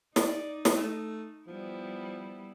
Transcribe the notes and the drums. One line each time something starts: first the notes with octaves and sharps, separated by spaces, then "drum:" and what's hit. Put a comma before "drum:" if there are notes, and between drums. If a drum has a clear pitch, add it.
D#4 D5, drum: snare
drum: snare
A3
F3 G3 B3 E4